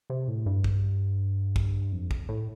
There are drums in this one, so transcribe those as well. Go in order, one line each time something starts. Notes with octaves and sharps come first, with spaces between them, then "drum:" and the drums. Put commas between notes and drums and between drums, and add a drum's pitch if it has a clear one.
C3
A2
G2
drum: kick
drum: kick
F2
drum: kick
A2